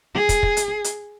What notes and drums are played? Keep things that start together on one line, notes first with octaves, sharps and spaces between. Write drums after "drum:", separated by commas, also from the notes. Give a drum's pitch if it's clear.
G#4
drum: kick, hi-hat
drum: kick
drum: hi-hat
drum: hi-hat